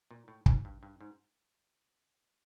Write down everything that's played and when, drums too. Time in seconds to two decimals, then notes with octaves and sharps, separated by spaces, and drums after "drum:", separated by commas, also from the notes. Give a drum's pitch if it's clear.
0.11 A#2
0.28 A2
0.46 G#2, drum: kick
0.65 G2
0.83 G2
1.01 G#2